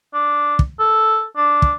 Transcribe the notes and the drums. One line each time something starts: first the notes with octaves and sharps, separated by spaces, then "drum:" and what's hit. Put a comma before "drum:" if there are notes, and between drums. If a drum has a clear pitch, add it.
D4
drum: kick
A4
D4
drum: kick